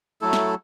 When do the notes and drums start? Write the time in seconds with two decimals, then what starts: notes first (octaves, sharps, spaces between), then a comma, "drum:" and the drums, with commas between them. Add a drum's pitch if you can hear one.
0.21 F#3 A3 E4 A4
0.33 drum: snare